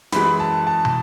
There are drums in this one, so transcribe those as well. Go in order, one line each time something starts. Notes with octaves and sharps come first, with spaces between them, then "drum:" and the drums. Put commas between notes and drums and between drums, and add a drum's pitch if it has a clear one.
F#2 E3 G#3 B5, drum: snare
A5
A5
drum: tom